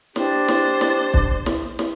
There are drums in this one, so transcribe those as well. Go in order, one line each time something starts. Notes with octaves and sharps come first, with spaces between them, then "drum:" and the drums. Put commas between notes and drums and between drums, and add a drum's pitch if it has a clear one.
D4 G4 C5, drum: snare
drum: snare
drum: snare
drum: kick
drum: snare
drum: snare